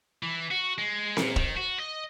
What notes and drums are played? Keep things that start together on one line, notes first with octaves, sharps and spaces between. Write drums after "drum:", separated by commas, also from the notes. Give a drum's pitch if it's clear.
E3
F#4
G#3
A#2, drum: snare C4
D#3, drum: kick
F#4
D#5